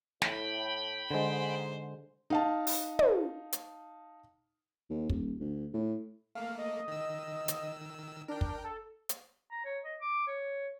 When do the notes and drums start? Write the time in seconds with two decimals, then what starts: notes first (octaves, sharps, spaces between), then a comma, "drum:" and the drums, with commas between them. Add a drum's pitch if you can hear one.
0.22 A2 G5 B5, drum: snare
1.11 G#2 D3 G#3 C5
2.30 D#4 F5 A5
2.67 drum: open hi-hat
2.99 drum: tom
3.53 drum: hi-hat
4.90 D#2
5.10 D#1, drum: kick
5.40 D2
5.74 A2
6.35 A3 A#3 F5
6.58 D#5
6.88 D#3 E6
7.48 drum: hi-hat
8.28 D4 A#4 G5
8.41 drum: kick
8.64 A4
9.09 drum: hi-hat
9.51 A#5
9.65 C#5
9.84 D#5
10.01 D6
10.27 C#5